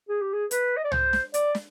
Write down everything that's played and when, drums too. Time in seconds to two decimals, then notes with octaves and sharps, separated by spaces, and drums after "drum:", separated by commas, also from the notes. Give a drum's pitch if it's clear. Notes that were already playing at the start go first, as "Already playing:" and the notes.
0.09 G#4
0.21 G4
0.34 G#4
0.51 B4, drum: hi-hat
0.77 D#5
0.84 D5
0.92 C5, drum: tom
1.13 drum: snare
1.34 D5, drum: hi-hat
1.55 drum: snare